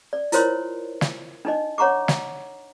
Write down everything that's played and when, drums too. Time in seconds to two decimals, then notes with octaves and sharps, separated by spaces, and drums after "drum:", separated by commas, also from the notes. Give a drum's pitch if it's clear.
0.13 D5
0.32 E4 F4 A#4 C5 C#5 C6, drum: hi-hat
1.01 drum: snare
1.45 D4 D#4 D#5
1.78 C#5 F#5 A#5 C#6 D6
2.08 drum: snare